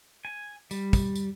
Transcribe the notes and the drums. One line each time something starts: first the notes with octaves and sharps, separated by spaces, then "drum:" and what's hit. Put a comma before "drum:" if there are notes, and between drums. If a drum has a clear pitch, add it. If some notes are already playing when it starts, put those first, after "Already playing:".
G#5
G3, drum: tambourine
drum: kick, tambourine
drum: tambourine